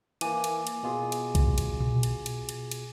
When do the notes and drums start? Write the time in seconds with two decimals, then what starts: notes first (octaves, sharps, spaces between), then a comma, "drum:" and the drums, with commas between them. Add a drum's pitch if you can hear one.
0.21 E3 A#3 G#5 D6 D#7, drum: cymbal
0.44 drum: cymbal
0.67 drum: cymbal
0.83 B2 F4 G#4
1.12 drum: cymbal
1.35 drum: kick B1, cymbal
1.58 drum: cymbal
1.80 drum: tom A#2
2.03 drum: cymbal
2.26 drum: cymbal
2.49 drum: cymbal
2.71 drum: cymbal